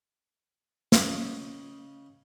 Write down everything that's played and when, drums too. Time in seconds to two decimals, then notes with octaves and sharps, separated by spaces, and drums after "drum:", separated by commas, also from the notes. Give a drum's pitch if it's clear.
0.92 C#3 D#5 G5, drum: snare